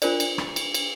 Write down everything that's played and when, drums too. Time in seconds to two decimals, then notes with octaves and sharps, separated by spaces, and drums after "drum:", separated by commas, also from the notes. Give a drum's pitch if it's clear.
0.02 D4 F4 A#4 C5 D5, drum: cymbal
0.20 drum: cymbal
0.38 drum: rim click
0.56 drum: cymbal
0.74 drum: cymbal